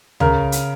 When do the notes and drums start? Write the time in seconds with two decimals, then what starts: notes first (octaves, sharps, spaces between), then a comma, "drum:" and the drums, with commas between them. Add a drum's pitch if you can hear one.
0.20 C#3 A#4, drum: tom C#2
0.52 drum: hi-hat